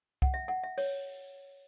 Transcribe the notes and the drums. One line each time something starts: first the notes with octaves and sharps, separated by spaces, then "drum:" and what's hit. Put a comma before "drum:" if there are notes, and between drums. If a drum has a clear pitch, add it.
F#5, drum: kick C2
E5
F#5
E5
C#5, drum: open hi-hat